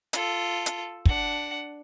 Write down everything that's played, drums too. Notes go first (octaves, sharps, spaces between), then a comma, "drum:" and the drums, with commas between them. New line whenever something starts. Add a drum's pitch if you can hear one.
F4 A4, drum: hi-hat
drum: hi-hat
D4 F#5, drum: kick